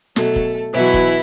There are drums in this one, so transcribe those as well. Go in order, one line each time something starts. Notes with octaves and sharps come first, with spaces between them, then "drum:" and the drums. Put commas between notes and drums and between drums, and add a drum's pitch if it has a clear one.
B2 F#3 A3 A4, drum: snare
drum: kick
B2 E3 F#3 E4
drum: kick